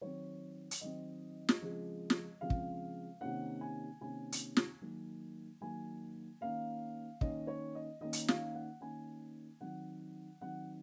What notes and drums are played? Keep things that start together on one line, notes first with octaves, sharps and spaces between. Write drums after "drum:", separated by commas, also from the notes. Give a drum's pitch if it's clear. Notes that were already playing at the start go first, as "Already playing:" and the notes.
D#3 F#3 C4 C#5
drum: hi-hat
D#3 F#3 C4 D#5
drum: snare
C#3 F3 G#3 C4
drum: snare
C#3 F3 G#3 C4 F5
drum: kick
C3 D#3 A#3 C#4 F#5
G#5
C3 D#3 A#3 C#4 G#5
drum: hi-hat
drum: snare
D#3 F#3 A#3
D#3 F#3 A#3 G#5
D#3 A#3 C#4 F5
D#3 A#3 C#4 D#5, drum: kick
C#5
D#5
D#3 A#3 C#4 D#5
drum: hi-hat
F5, drum: snare
F#5
D#3 A#3 C#4 G#5
D#3 F#3 C4 F#5
D#3 F#3 C4 F#5